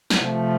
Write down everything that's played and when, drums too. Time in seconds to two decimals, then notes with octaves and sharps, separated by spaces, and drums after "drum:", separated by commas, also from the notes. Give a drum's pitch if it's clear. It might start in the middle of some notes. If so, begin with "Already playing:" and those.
0.10 drum: snare
0.22 C3 F3 A3